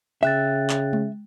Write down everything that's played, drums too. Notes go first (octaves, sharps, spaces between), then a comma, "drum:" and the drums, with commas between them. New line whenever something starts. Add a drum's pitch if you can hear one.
C#3 E5 G5 F#6 A6
drum: clap
drum: tom G#3